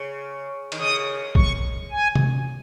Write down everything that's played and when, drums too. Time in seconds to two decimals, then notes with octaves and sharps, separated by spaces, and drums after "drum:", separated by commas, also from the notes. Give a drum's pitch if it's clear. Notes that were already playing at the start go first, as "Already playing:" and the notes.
Already playing: C#3
0.72 D#3, drum: cymbal
0.79 C#3 D#6
1.35 C#6, drum: kick
1.91 G#5
2.15 drum: tom C3